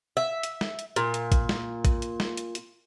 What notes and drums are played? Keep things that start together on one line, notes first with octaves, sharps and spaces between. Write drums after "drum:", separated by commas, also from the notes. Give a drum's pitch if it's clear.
E5
drum: hi-hat
drum: snare
drum: hi-hat
A#2, drum: hi-hat
drum: hi-hat
drum: kick A#1, hi-hat
drum: snare
drum: kick A#1, hi-hat
drum: hi-hat
drum: snare
drum: hi-hat
drum: hi-hat